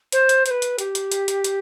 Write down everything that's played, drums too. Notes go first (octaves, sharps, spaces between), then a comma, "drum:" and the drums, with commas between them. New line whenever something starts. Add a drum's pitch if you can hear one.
C5, drum: hi-hat
drum: hi-hat
C5, drum: hi-hat
B4
drum: hi-hat
G4, drum: hi-hat
drum: hi-hat
drum: hi-hat
drum: hi-hat
drum: hi-hat